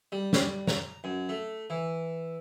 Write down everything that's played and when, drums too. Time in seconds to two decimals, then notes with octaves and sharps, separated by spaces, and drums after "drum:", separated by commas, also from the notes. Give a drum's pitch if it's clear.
0.12 G3
0.33 drum: snare
0.67 A#5, drum: snare
1.04 F#2
1.29 A3
1.70 E3